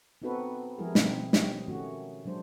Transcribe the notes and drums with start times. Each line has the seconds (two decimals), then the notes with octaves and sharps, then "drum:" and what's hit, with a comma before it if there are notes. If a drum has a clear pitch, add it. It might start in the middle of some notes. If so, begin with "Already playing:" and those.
0.22 B3 C4 D#4 F#4 A4 B4
0.78 F3 G3 G#3 E4 G#4 A#4
0.95 B2 D#3 C4, drum: snare
1.33 G4 C#5 D#5, drum: snare
1.68 D#3 A3 C#4 F#4
2.25 F#3 G#3 D4 C5